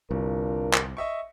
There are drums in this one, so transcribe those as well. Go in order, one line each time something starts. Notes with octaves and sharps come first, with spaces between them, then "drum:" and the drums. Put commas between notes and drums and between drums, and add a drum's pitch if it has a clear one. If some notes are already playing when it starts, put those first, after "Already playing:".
G1 C2 D4 F4 A#4
drum: clap
D#5 E5 C#6